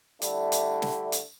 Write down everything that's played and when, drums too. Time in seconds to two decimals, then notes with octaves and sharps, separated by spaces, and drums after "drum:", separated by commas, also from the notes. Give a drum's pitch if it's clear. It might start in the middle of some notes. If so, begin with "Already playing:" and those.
0.22 D3 G3 A3 D4 E4, drum: hi-hat
0.52 drum: hi-hat
0.82 drum: snare
1.12 drum: hi-hat